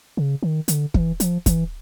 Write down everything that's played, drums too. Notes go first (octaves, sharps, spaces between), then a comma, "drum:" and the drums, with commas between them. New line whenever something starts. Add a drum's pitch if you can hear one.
C#3
D#3
D3, drum: hi-hat
E3, drum: kick
F3, drum: hi-hat
E3, drum: kick, hi-hat